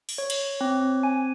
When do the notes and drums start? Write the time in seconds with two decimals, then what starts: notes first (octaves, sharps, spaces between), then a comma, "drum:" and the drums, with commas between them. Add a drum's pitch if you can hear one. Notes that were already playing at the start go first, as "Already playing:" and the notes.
0.09 drum: open hi-hat
0.18 C#5
0.30 drum: cymbal
0.61 C4
1.03 G#5